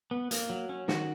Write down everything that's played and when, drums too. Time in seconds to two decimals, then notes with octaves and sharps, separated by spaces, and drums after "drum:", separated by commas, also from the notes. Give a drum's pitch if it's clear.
0.11 B3
0.31 A#3, drum: hi-hat
0.50 F#3
0.69 C#4
0.88 D#3 F#4, drum: snare